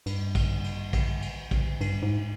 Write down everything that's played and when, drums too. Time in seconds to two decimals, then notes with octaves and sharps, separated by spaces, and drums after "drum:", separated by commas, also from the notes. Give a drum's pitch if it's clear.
0.06 G2, drum: cymbal
0.35 drum: kick, cymbal
0.64 drum: cymbal
0.93 drum: kick, cymbal
1.22 drum: cymbal
1.51 drum: kick, cymbal
1.81 G2, drum: cymbal
2.02 G#2